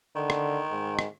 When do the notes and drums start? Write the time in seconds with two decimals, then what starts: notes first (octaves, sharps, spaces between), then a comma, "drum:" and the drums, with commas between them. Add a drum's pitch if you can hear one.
0.15 D3 D#3
0.30 drum: rim click
0.71 G#2
0.99 drum: rim click